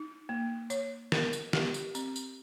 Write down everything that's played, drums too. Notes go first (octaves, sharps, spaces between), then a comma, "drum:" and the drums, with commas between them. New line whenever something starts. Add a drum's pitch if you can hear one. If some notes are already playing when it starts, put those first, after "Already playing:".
Already playing: D#4
A#3
C#5, drum: tambourine
A#4, drum: snare
drum: tambourine
G4, drum: snare
drum: tambourine
C4, drum: tambourine
drum: tambourine